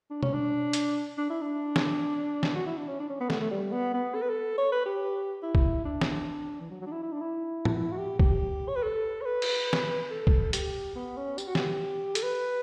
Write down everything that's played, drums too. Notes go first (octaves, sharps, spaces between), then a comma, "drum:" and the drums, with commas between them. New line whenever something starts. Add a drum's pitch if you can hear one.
D4
C#4, drum: tom B2
D4
drum: hi-hat
D4
E4
D4
drum: snare
drum: snare
F#4
E4
D4
C#4
D4
C#4
B3
A3, drum: snare
A3
G3
B3
B3
A4
B4
A4
C#5
B4
G4
E4
drum: kick
D4
drum: snare
E3
F#3
F#3
D4
E4
E4
D4
E4
drum: tom
F#4
G4
G4, drum: kick
C#5
B4
A4
C#5
B4
drum: cymbal
drum: snare
A4
drum: kick
G4, drum: hi-hat
B3
C#4
G4, drum: tambourine
F#4
G4, drum: snare
A4, drum: hi-hat
B4